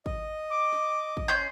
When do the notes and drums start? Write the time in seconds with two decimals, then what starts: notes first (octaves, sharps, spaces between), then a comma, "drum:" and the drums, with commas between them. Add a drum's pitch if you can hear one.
0.06 D#5, drum: kick
0.50 D6
0.72 drum: snare
1.17 drum: kick
1.28 C#4 C6 G6